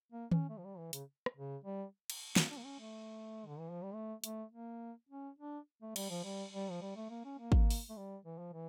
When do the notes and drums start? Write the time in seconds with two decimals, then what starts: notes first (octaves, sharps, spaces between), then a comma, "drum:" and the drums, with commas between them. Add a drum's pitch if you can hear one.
0.12 A#3
0.32 C#4, drum: tom D#3
0.50 A3
0.58 F3
0.65 G3
0.78 E3
0.93 C#3, drum: hi-hat
1.26 drum: rim click
1.37 C#3
1.64 G3
2.10 drum: cymbal
2.36 A#3, drum: snare
2.51 D4
2.58 A#3
2.65 C#4
2.80 A3
3.47 D3
3.59 E3
3.71 F3
3.83 G3
3.94 A3
4.24 A3, drum: hi-hat
4.52 A#3
5.09 C#4
5.39 D4
5.82 A3
5.96 G3, drum: cymbal
6.10 F3
6.24 G3
6.53 G3
6.71 F3
6.82 G3
6.96 A3
7.10 A#3
7.25 C#4
7.39 A#3
7.52 drum: kick G#1
7.70 drum: open hi-hat
7.90 A3
7.97 G3
8.25 E3
8.39 F3
8.53 E3